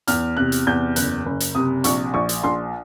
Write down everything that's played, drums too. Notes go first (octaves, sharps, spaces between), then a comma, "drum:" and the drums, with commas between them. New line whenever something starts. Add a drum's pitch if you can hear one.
E2 F6, drum: hi-hat
C3 F#6
drum: hi-hat
E2 G6
F#1 F#6, drum: hi-hat
F#1
drum: hi-hat
C3 D#6
A#1 C#6, drum: hi-hat
A#1 C#6
drum: hi-hat
A#1 C6